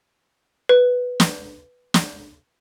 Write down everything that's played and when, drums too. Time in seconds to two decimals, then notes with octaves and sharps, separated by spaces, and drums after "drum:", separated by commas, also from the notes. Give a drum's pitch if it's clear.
0.69 B4
1.20 drum: snare
1.94 drum: snare